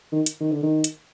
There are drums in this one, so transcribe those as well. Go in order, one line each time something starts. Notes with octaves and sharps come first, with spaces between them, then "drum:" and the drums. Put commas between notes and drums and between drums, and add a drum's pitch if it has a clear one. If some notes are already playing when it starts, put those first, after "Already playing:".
D#3
drum: hi-hat
D#3
D3
D#3
drum: hi-hat